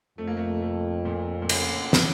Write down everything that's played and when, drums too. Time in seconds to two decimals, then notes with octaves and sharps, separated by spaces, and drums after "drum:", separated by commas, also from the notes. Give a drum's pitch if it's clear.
0.18 F2 A3
0.27 A#3
0.37 A3
0.62 A3
1.05 A#2
1.42 A#2
1.49 C#3, drum: cymbal
1.93 C#3, drum: snare